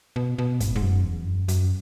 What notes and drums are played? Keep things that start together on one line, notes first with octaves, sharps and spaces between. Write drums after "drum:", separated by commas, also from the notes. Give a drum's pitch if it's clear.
B2
B2
G#2, drum: kick, hi-hat
G#2
F#2
E2
F#2
F#2, drum: hi-hat